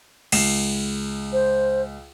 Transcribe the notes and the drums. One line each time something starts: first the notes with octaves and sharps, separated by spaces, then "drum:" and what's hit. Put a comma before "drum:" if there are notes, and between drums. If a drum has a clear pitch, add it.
C#2 C7 E7, drum: cymbal
C5